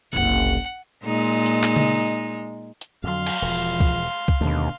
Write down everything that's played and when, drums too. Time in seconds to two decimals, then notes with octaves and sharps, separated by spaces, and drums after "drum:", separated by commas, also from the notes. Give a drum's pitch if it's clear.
0.13 F#1 C2 F#5
1.04 A#2 G#3 D#4
1.46 drum: hi-hat
1.63 drum: clap
1.76 drum: tom C#3
2.81 drum: hi-hat
3.04 F2 D3 F#3 F5 C6
3.26 drum: cymbal
3.42 E1 F3
3.80 drum: kick C2
4.28 drum: kick C2
4.41 D#2 B2 D3 A3